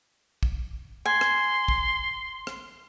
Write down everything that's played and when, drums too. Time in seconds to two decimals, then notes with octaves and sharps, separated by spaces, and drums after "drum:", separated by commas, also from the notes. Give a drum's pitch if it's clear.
0.43 drum: kick
1.06 G#5 C6
1.21 drum: rim click
1.68 drum: kick
2.47 drum: rim click